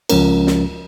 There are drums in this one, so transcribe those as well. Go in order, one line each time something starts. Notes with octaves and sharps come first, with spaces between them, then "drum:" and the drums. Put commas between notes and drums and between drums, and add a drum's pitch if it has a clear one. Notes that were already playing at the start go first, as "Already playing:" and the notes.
C#2 F3 G#3 C#4 A#4, drum: cymbal
drum: snare